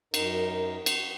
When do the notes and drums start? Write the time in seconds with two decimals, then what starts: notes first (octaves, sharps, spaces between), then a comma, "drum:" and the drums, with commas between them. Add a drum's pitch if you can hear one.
0.14 F#2 D#4 A#4, drum: cymbal
0.86 drum: cymbal